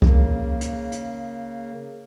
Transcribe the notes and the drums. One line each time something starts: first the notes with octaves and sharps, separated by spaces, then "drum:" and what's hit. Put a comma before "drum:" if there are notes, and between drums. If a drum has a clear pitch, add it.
C#3 A#3, drum: kick C2
drum: hi-hat
drum: hi-hat